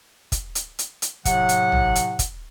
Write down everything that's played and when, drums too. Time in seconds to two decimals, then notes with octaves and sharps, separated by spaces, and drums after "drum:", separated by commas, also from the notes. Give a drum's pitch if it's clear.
0.32 drum: kick, hi-hat
0.55 drum: hi-hat
0.79 drum: hi-hat
1.02 drum: hi-hat
1.25 A2 C3 F#3 F#5, drum: kick, hi-hat
1.49 drum: hi-hat
1.72 drum: tom A1
1.95 drum: hi-hat
2.19 drum: kick, hi-hat